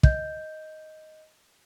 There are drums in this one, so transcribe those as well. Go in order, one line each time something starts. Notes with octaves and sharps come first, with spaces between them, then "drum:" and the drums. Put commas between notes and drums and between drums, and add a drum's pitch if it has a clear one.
D#5 G6, drum: kick